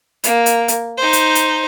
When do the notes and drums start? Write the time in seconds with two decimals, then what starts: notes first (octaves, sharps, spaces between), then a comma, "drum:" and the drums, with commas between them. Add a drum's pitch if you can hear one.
0.24 A#3, drum: hi-hat
0.46 drum: hi-hat
0.68 drum: hi-hat
0.97 D#4 C5
1.13 drum: hi-hat
1.35 drum: hi-hat